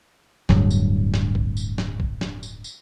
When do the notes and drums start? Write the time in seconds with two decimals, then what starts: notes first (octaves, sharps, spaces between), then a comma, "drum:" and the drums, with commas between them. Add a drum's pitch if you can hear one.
0.49 D1 G2 F#3, drum: snare
0.71 drum: tambourine
1.14 drum: snare
1.35 drum: kick
1.57 drum: tambourine
1.78 drum: snare
2.00 drum: kick
2.21 drum: snare
2.43 drum: tambourine
2.64 drum: tambourine